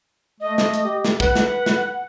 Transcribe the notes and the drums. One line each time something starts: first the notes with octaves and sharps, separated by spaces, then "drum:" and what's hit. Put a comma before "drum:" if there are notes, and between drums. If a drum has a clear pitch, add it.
A3 D#5
drum: snare
drum: hi-hat
G4
drum: snare
B4 F#5, drum: kick
drum: snare
drum: snare